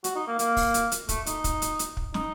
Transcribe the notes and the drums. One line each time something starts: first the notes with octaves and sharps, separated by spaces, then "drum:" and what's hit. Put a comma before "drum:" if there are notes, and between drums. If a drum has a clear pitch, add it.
F#4, drum: hi-hat
D#4
A#3
A#3, drum: hi-hat
drum: kick, open hi-hat
drum: hi-hat
drum: hi-hat
A3, drum: kick, hi-hat
D#4, drum: hi-hat
drum: kick, hi-hat
drum: hi-hat
drum: hi-hat
drum: kick
D#4, drum: snare